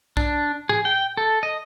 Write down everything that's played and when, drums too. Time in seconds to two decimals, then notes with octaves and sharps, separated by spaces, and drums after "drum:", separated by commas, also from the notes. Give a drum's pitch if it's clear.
0.17 D4, drum: kick
0.69 G#4, drum: tom A2
0.85 G5
1.17 A4
1.43 D#5